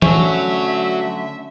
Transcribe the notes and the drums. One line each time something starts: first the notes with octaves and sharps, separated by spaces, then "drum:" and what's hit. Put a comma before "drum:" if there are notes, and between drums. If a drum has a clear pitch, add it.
D3 F#3 A3 C#4 E5, drum: tom